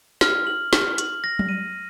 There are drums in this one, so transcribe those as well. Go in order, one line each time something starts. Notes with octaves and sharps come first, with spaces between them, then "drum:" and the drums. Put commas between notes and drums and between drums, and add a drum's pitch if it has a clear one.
F6, drum: snare
F#7
F6, drum: snare
F#7, drum: hi-hat
A#6
drum: tom F#3
D#7